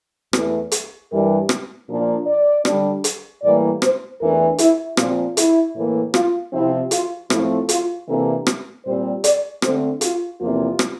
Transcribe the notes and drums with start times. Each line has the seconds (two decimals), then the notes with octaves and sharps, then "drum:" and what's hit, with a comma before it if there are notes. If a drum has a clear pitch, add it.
0.33 E2 E3 A3, drum: rim click
0.72 drum: hi-hat
1.11 G2 E3 G3 D4 A#4
1.49 drum: rim click
1.88 A#2 F3 A#3 D4
2.26 D5
2.65 D3 G3 D4, drum: rim click
3.04 drum: hi-hat
3.42 A2 E3 G3 A#3 D5
3.82 C5, drum: rim click
4.20 E2 E3 A3 D4 A#4
4.58 E4, drum: hi-hat
4.97 A#2 F3 C4 F4, drum: rim click
5.37 E4, drum: hi-hat
5.75 A2 E3 A#3
6.14 F4, drum: rim click
6.52 C3 F3 C4 E4
6.91 F4, drum: hi-hat
7.30 A2 F3 A3 C4 E4, drum: rim click
7.69 F4, drum: hi-hat
8.08 C3 E3 A#3 D4 A4
8.47 drum: rim click
8.85 A#2 G3 C4 C5
9.24 D5, drum: hi-hat
9.62 D3 A3 C4 C5, drum: rim click
10.01 F4, drum: hi-hat
10.40 E2 C3 F3 A#3 F4
10.79 drum: rim click